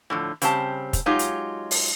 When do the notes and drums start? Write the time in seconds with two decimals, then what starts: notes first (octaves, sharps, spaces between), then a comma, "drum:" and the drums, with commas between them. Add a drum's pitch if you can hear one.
0.10 A2 D3 F3
0.42 C#3 G3 C4 G4 A5, drum: hi-hat
0.93 drum: kick, hi-hat
1.06 F#3 G#3 D#4 F4 G4 C#5
1.19 drum: hi-hat
1.71 drum: open hi-hat